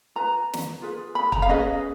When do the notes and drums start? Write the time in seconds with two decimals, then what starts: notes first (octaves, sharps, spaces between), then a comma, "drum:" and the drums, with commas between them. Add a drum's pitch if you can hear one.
0.16 F4 B4 A#5
0.53 drum: snare
0.82 F4 G#4 B4
1.15 B5
1.32 A#5, drum: kick
1.42 F5
1.49 C#4 G#4 B4 D#5